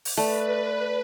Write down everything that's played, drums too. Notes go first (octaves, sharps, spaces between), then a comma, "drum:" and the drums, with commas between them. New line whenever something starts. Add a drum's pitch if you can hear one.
drum: open hi-hat
A3 B4 D5